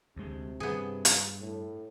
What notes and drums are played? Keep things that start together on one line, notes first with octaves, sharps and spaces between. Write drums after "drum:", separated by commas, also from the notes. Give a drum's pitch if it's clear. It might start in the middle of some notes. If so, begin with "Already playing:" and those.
D2 C3 G#3
G2 B3 G#4
drum: hi-hat
A2